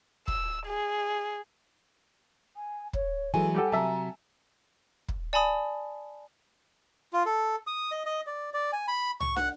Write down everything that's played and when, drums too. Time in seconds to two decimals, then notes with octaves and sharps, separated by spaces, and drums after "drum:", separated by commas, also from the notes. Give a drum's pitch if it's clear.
0.28 E6, drum: kick
0.66 G#4
2.56 G#5
2.93 C#5, drum: kick
3.34 E3 F#3 G#3 A4 G#5
3.55 G3 G4 A4 F#5
3.72 C3 F#3 E5 A5 A#5
5.08 drum: kick
5.33 D5 G#5 A5 B5 D#6
7.13 F4
7.26 A4
7.67 D#6
7.92 D#5
8.06 D#5
8.27 D5
8.54 D5
8.73 G#5
8.88 B5
9.20 C#6, drum: tom C2
9.36 F#5, drum: snare